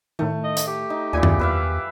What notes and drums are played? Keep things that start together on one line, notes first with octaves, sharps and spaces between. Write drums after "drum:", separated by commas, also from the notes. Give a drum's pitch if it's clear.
A2 D#3 A3
D#5
drum: hi-hat
G4
D#4
D#2 A#2 E4 G#5
drum: tom F#2
E2 B4 E5 F5